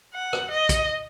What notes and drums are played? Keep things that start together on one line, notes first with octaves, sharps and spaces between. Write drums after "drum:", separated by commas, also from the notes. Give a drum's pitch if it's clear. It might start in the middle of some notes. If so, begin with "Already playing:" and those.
F#5
drum: rim click
D#5
drum: kick, hi-hat